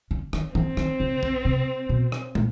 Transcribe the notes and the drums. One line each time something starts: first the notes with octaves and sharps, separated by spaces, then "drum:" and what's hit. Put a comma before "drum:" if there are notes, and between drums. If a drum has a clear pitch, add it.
D3
D#3, drum: rim click
E3 C4, drum: tom G#2
D#3, drum: rim click
C#3
drum: kick
C3
B2
drum: rim click
A#2, drum: tom